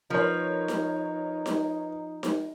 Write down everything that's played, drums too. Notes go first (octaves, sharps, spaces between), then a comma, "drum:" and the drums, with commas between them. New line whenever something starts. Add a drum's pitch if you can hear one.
F3 D#4 A#4 B4 C#5
drum: snare D#4
drum: snare D#4
drum: snare D#4